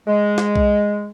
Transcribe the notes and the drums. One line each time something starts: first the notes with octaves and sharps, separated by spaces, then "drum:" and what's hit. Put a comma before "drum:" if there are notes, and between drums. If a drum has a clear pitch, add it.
G#3
drum: snare
drum: kick B1